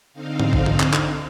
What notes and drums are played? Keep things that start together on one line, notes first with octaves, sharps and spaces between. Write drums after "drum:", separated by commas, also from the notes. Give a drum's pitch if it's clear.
D3 C4 D#4 F5
drum: tom G#2
drum: kick A1
drum: tom G#2
drum: clap
drum: clap